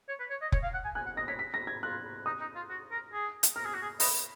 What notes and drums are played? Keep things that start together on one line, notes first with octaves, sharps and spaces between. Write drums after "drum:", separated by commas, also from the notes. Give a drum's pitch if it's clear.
C#5
B4
C#5
D#5
C#5, drum: kick F1
F5
F#5
G#5
G#5 F#6
F#5
D#5 A#6
C#5 B6
B6
A#6
G#6
F4 F#6
D#4 D#6
D#4
F4
F#4
A#4
G#4
drum: hi-hat
A#4 F6
G#4
F#4
G#4
D#5 B5, drum: open hi-hat